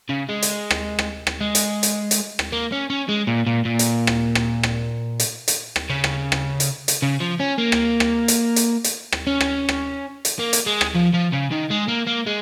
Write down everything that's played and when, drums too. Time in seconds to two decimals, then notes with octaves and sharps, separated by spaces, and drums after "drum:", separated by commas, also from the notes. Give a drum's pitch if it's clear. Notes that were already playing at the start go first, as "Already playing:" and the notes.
0.09 C#3
0.29 G#3
0.42 drum: hi-hat
0.71 drum: rim click
0.99 drum: rim click
1.27 drum: rim click
1.41 G#3
1.55 drum: hi-hat
1.83 drum: hi-hat
2.11 drum: hi-hat
2.39 drum: rim click
2.52 A#3
2.72 C#4
2.90 C#4
3.09 G#3
3.27 A#2
3.47 A#2
3.65 A#2
3.79 drum: hi-hat
4.07 drum: rim click
4.35 drum: rim click
4.63 drum: rim click
5.20 drum: hi-hat
5.48 drum: hi-hat
5.76 drum: rim click
5.89 C#3
6.04 drum: rim click
6.32 drum: rim click
6.60 drum: hi-hat
6.88 drum: hi-hat
7.02 C#3
7.20 F3
7.40 C#4
7.58 A#3
7.72 drum: rim click
8.00 drum: rim click
8.28 drum: hi-hat
8.56 drum: hi-hat
8.84 drum: hi-hat
9.12 drum: rim click
9.27 C#4
9.41 drum: rim click
9.69 drum: rim click
10.25 drum: hi-hat
10.39 A#3
10.53 drum: hi-hat
10.66 G#3
10.81 drum: rim click
10.95 F3
11.13 F3
11.32 C#3
11.51 D#3
11.70 G#3
11.88 A#3
12.07 A#3
12.26 G#3